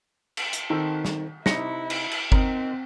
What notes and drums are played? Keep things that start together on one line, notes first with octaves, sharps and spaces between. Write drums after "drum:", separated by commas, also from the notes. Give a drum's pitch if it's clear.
drum: cymbal
drum: hi-hat
D#3 C4 A4
drum: snare
C3 D#4 E4 A#6 C#7, drum: snare
drum: cymbal
drum: cymbal
C4 D#4 A#4, drum: kick G1